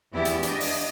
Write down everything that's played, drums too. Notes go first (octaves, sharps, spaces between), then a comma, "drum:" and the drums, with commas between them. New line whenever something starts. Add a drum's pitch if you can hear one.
E2 E3 B3 E4 G4 D5
drum: hi-hat
D4 D#5, drum: hi-hat
drum: open hi-hat